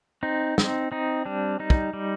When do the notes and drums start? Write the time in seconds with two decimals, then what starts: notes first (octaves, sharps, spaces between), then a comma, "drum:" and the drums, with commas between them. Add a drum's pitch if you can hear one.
0.23 C4 D#4
0.58 C4, drum: snare
0.92 C4 D#4
1.25 G3 D4
1.60 G3 D#4
1.70 drum: kick
1.93 G3